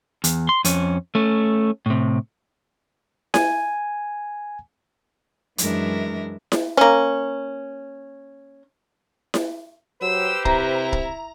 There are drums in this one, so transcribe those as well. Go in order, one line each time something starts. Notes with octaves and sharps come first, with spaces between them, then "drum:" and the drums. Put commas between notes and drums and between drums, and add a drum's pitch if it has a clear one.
E2, drum: hi-hat
C6
F2 C#4, drum: hi-hat
A3 C#4
A2 C3
G#5, drum: snare E4
F#2 E3 G#3 D4 A#4 E5, drum: hi-hat
drum: snare E4
A#3 C#4
drum: snare E4
F#3 G4 B4 C5 E6
C3 E4 A#5, drum: kick
drum: kick